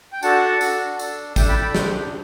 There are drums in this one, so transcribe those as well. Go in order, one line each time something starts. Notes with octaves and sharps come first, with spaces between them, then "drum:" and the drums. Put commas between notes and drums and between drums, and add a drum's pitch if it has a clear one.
G5
D4 F#4 A4 F#5 A5, drum: tambourine
D4 F#4 A4, drum: tambourine
D4 A4, drum: tambourine
D4 A4 E5 G5, drum: kick, tambourine
G5 B5
G5 B5
D4 G4, drum: snare